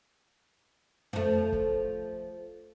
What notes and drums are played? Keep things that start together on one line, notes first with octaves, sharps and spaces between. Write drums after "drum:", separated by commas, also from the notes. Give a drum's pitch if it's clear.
F3 A3, drum: tom
drum: kick